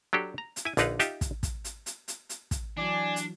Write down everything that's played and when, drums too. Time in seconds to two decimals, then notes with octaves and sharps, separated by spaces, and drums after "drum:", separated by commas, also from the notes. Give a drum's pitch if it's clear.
0.13 F#3 D4 G4 A4
0.38 A#5
0.56 drum: hi-hat
0.65 E4 G#5
0.77 A#1 D3 D4 D#4 B4 F5, drum: hi-hat
1.00 D#4 F4 G4 E5 G5 A5, drum: hi-hat
1.21 drum: kick, hi-hat
1.43 drum: kick, hi-hat
1.64 drum: hi-hat
1.86 drum: hi-hat
2.08 drum: hi-hat
2.29 drum: hi-hat
2.51 drum: kick, hi-hat
2.77 E3 F#3 D4 D5 G#5
3.16 drum: hi-hat